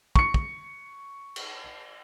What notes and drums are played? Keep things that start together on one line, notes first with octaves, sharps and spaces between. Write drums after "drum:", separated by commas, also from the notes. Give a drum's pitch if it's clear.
C#6 C#7, drum: kick
drum: kick
drum: cymbal